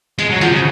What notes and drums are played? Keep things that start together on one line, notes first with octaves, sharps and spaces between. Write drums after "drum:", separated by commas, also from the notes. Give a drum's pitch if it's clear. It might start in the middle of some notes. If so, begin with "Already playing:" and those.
G#3, drum: hi-hat
F#3
F3, drum: hi-hat
C#3